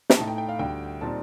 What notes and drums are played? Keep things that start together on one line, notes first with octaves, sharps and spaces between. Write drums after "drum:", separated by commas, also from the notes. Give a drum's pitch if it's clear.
A#5, drum: snare
A2 A3 D#4 A5
G5
G5
F5
D2 D3 G3 G5
A#2 G3 C4 D#4 A5